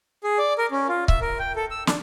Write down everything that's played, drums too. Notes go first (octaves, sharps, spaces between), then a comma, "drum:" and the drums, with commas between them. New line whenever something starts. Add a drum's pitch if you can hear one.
G#4
D5
A#4
C#4
F4
E5, drum: kick C#1
A#4
G5
A4
E6
D4, drum: snare